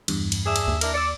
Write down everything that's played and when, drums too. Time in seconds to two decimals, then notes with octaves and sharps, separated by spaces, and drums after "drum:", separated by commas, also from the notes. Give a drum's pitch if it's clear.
0.08 E2 G2, drum: cymbal
0.32 drum: cymbal
0.46 D4 G#4 E5
0.56 drum: cymbal
0.68 D#2
0.81 D4 E4 A#4, drum: cymbal
0.94 D5 E6 C#7